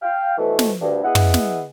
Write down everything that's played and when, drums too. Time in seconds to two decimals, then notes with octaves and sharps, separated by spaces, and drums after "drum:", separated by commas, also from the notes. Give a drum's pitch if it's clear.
0.02 F5 G5
0.38 B2 E3 F3 A3
0.59 drum: snare
0.81 D2 G2
1.04 B3 E4 G#4 D#5 F#5
1.15 drum: tom
1.34 drum: snare